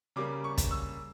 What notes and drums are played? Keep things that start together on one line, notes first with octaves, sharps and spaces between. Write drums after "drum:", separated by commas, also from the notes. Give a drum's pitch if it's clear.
C#3 G3 A#3 D6
C#6
drum: kick, hi-hat
E6